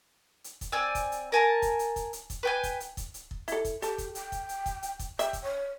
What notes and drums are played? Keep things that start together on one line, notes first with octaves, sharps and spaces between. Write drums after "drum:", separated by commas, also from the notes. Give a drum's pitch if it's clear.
drum: hi-hat
drum: kick, hi-hat
C4 D5 G#5 E6
drum: kick, hi-hat
drum: hi-hat
A#4 G#5 A5
drum: kick, hi-hat
drum: hi-hat
drum: kick, hi-hat
drum: hi-hat
drum: kick, hi-hat
B4 G5 G#5
drum: kick, hi-hat
drum: hi-hat
drum: kick, hi-hat
drum: hi-hat
drum: kick
E4 A4, drum: hi-hat
drum: kick, hi-hat
G4 A4 A5, drum: hi-hat
drum: kick, hi-hat
G5, drum: hi-hat
drum: kick, hi-hat
drum: hi-hat
drum: kick, hi-hat
drum: hi-hat
drum: kick, hi-hat
E5 G5, drum: hi-hat
drum: kick, hi-hat
C#5